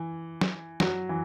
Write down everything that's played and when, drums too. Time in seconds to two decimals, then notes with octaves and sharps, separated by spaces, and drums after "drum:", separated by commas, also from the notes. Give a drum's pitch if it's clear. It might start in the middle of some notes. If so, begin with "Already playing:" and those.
Already playing: E3
0.41 drum: snare
0.80 F#3, drum: snare
1.09 E3